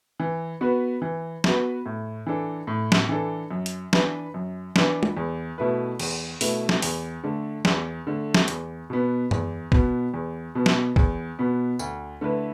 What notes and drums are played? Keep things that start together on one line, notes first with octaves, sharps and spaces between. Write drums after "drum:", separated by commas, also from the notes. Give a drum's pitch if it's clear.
E3
B3 F#4 B4
E3
B3 F#4 B4, drum: snare
A2
E3 D4 A4
A2
drum: snare
E3 D4 A4
F#2
drum: hi-hat
E3 D4 B4, drum: snare
F#2
E3 D4 B4, drum: snare
drum: tom G#3
E2
B2 A3 E4 B4
E2, drum: cymbal
B2 A3 E4 B4, drum: open hi-hat
drum: snare
E2, drum: open hi-hat
D3 A3
E2, drum: snare
D3 A3
drum: snare
E2, drum: hi-hat
B2 B3
E2, drum: tom F#2
B2 B3, drum: kick
E2
B2 B3
drum: snare
E2, drum: kick
B2 B3
D2, drum: tambourine
D3 A3 E4 B4